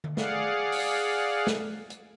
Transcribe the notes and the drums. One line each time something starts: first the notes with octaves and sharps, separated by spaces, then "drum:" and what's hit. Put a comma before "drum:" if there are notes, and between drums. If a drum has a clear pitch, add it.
drum: tom D3
G#4 D5 F5 F#5, drum: snare
drum: open hi-hat
drum: snare
drum: hi-hat